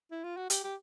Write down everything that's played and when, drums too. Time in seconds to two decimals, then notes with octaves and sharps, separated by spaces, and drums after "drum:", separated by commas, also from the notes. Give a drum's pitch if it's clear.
0.12 E4
0.24 F4
0.37 F#4
0.50 G4, drum: hi-hat
0.64 G4